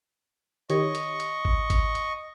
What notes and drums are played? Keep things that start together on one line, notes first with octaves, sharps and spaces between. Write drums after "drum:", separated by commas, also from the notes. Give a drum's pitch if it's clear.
D#3 G4 C#5 D#5 C#6, drum: hi-hat
drum: hi-hat
drum: hi-hat
drum: kick G#1
drum: kick G#1, hi-hat
drum: hi-hat